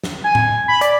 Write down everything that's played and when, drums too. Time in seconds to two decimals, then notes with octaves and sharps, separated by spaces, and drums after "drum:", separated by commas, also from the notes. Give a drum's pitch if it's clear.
0.03 drum: snare
0.24 G#5
0.35 drum: tom A2
0.68 B5
0.81 D5, drum: hi-hat